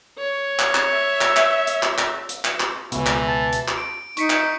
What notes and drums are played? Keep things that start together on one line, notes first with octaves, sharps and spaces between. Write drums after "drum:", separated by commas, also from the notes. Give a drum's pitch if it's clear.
C#5
drum: clap
drum: clap
E5
drum: clap
drum: clap
drum: hi-hat
drum: clap
drum: clap
drum: hi-hat
drum: clap
drum: clap
C#2 B2 E3, drum: hi-hat
drum: clap
A5
drum: hi-hat
drum: clap
D7
D#4 C#6 B6 C#7, drum: hi-hat
drum: clap